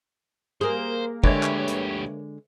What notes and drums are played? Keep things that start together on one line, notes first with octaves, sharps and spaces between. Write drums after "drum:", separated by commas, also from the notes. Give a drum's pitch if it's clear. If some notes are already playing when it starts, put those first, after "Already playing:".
A#3 G#4 C5
D2 D3 G#3 G4 B4 C#5 E5, drum: kick
drum: clap
drum: hi-hat